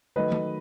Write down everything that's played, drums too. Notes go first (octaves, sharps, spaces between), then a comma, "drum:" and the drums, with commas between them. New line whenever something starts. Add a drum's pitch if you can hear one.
D#3 F#3 A3 B4 D#5
drum: tom D#3